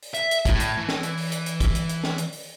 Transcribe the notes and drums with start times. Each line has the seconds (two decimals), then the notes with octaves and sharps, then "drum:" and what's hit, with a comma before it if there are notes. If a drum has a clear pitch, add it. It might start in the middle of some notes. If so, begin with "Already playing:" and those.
0.02 drum: open hi-hat
0.14 E5, drum: hi-hat
0.31 drum: hi-hat
0.45 A2, drum: kick, hi-hat
0.60 drum: hi-hat
0.78 E3
0.89 drum: snare
1.03 drum: hi-hat
1.17 drum: open hi-hat
1.32 drum: hi-hat
1.46 drum: hi-hat
1.60 drum: kick, hi-hat
1.75 drum: hi-hat
1.89 drum: hi-hat
2.04 drum: snare
2.18 drum: hi-hat
2.32 drum: open hi-hat